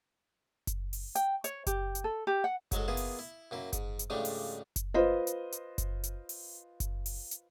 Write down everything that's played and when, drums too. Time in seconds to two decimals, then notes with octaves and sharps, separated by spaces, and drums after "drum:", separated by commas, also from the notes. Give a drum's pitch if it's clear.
0.67 drum: kick F#1, hi-hat
0.93 drum: open hi-hat
1.15 G5, drum: hi-hat
1.44 C#5, drum: hi-hat
1.67 G4, drum: kick F#1, hi-hat
1.95 drum: hi-hat
2.04 A4
2.27 G4
2.44 F#5
2.72 G#2 F#3 G#3 A4, drum: kick F#1, hi-hat
2.88 A#3 B3 E4 F4 G#4
2.97 drum: open hi-hat
3.19 E4
3.51 F#2 A#3 E4
3.73 G#2, drum: kick F#1, hi-hat
3.99 drum: hi-hat
4.10 G#2 C#3 F3 G3 A3 D4
4.25 drum: open hi-hat
4.76 drum: kick F#1, hi-hat
4.94 F4 B4 C5 D#5
5.27 drum: hi-hat
5.52 drum: hi-hat
5.78 drum: kick F#1, hi-hat
6.03 drum: hi-hat
6.29 drum: open hi-hat
6.80 drum: kick F#1, hi-hat
7.06 drum: open hi-hat
7.31 drum: hi-hat